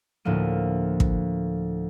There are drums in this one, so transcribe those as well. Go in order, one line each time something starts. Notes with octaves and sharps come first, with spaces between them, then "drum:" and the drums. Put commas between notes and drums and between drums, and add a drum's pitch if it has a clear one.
D2 A2 F3 A#3 D#7
drum: kick